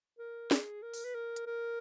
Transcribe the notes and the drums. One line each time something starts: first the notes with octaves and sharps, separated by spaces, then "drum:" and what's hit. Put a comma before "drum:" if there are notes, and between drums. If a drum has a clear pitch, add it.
A#4
G#4, drum: snare
A#4
drum: open hi-hat
B4
A#4
drum: hi-hat
A#4